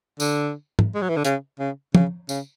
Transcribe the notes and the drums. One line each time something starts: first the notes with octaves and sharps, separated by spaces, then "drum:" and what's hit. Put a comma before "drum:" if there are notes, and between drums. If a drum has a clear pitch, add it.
D3, drum: tambourine
drum: tom G#2
G#3
F#3
E3
D3
C#3, drum: hi-hat
C#3
C#3, drum: tom
C#3, drum: tambourine